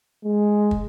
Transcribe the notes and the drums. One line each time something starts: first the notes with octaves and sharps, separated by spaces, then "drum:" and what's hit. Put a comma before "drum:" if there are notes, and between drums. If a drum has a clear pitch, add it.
G#3
drum: kick